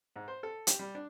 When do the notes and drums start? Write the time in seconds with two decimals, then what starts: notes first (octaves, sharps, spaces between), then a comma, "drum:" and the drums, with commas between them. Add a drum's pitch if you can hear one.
0.16 G#2
0.28 C5
0.43 A4
0.67 G4, drum: hi-hat
0.79 G3
0.95 D4